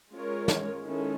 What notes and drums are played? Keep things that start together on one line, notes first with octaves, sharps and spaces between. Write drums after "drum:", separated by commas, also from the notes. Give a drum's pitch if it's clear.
G#3 C#4 F4 A#4 C#5
drum: snare
D#3 G#3 C#4 E4 A4